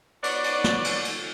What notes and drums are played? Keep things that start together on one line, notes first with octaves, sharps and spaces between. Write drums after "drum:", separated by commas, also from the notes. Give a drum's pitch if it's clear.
B3 C#5 D5, drum: cymbal
drum: cymbal
drum: snare
drum: cymbal
drum: cymbal